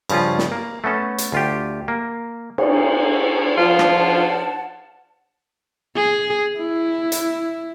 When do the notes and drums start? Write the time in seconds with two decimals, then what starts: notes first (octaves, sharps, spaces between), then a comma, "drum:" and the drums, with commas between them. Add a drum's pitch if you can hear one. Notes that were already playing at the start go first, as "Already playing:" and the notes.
0.10 G2 C#3 F3 C#4 F4, drum: cymbal
0.38 drum: snare
0.52 A#3
0.84 A3 B3 C#4 A4
1.18 drum: hi-hat
1.32 D2 F4 G4
1.88 A#3
2.58 drum: cymbal
3.58 F3 F4 F#5 A5
3.79 drum: rim click
5.96 G#4
6.58 E4
7.12 drum: hi-hat